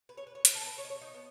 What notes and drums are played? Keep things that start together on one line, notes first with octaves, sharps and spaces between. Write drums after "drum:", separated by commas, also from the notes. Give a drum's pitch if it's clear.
B4
C#5
B4
C#5
B4, drum: hi-hat
A4
B4
C#5
D#5
C#5
D#4
B3